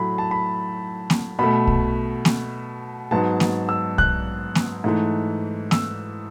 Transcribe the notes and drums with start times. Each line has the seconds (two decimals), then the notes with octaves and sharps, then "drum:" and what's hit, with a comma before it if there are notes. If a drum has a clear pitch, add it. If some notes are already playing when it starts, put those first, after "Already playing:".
Already playing: A2 F#3 A3 B5
0.18 A5
0.31 B5
1.10 drum: snare A#3
1.39 B2 A3 B5
1.67 drum: kick
2.25 drum: snare A#3
3.11 G#2 F#3 B3 A5
3.40 drum: snare A#3
3.69 E6
3.98 F#6, drum: kick
4.55 drum: snare A#3
4.84 G#2 E3 A3
5.71 E6, drum: snare A#3